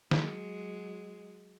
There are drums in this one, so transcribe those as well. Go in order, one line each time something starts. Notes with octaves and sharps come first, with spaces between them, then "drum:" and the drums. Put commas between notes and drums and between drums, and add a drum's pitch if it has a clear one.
F#3 G#3, drum: snare